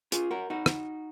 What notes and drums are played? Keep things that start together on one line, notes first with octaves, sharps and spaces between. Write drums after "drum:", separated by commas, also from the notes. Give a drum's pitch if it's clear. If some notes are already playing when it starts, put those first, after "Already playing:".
F4 G#4, drum: hi-hat
F#4 A#4
D#4 F#4
drum: rim click